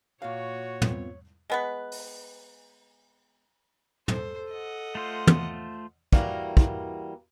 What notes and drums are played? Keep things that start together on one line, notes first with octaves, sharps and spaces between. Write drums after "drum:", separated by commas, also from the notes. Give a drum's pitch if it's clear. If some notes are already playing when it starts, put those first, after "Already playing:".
A#2 F#4 C#5 F5
B3 C4 F4, drum: tom
G#3 B3 B4
drum: open hi-hat
A4 C5, drum: tom
D#5 F#5
A3 F4 C5
drum: tom
E3 G3 A#3 F#4 A#4, drum: kick
drum: kick